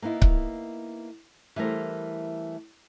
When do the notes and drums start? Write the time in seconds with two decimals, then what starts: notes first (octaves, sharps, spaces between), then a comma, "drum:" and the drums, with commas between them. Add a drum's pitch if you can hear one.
0.02 A#3 B3 D#4 E4
0.22 drum: kick C#1
1.56 E3 G3 A3 A#4 C5